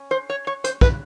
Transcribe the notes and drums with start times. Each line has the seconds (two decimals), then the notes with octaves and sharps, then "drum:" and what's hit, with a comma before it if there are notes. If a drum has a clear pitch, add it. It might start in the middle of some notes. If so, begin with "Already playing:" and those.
Already playing: C#4
0.11 C5
0.30 C#5
0.47 C#5
0.64 C5, drum: hi-hat
0.81 B4, drum: kick